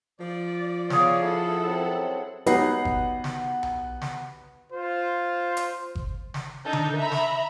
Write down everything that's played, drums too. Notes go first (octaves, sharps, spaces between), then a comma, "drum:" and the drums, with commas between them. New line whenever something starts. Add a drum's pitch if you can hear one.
F3 D5
B3 G#4 C#5 D5 F5, drum: snare
E4 A4 F#5
F#2 F#3 C4
F#3 G3 B3 D#4 B4 F#5 C7, drum: hi-hat
drum: kick G1
drum: snare
drum: tom B1
drum: snare
F4 C5
drum: hi-hat
drum: kick G1
drum: snare
D4 D#4 A4 G6
drum: tom D3
E5 A#5 B5
drum: snare